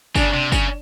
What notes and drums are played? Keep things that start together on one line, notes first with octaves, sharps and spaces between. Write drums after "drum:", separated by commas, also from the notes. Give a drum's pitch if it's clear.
C#3 D4, drum: kick, tambourine
C3
C#3, drum: kick, tambourine